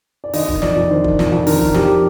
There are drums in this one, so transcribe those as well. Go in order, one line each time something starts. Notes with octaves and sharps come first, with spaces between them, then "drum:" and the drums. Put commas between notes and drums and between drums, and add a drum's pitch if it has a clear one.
D5
D#3 D#5, drum: open hi-hat
D#3, drum: kick
F2 D5, drum: snare
F2
D#3 C5
D#3, drum: kick
F2, drum: snare
F2
D#3 A#4, drum: open hi-hat
D#3, drum: kick
F2 G4, drum: snare